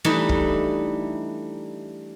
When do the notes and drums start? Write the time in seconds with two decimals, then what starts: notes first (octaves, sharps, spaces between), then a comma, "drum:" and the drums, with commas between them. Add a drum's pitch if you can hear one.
0.04 E3 G3 A3 D4 D#4
0.29 drum: kick